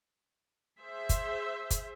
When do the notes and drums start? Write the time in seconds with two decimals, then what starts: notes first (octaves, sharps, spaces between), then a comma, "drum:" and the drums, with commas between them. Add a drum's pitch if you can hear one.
0.79 G#4 C5 E5
1.09 drum: kick, hi-hat
1.71 drum: kick, hi-hat